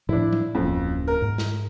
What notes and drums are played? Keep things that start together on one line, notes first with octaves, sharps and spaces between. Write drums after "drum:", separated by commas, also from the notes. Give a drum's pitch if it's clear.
A2 F3 D4 E4
drum: tom F#3
D1 F2 A#3 C#4
A#4
G#2
drum: snare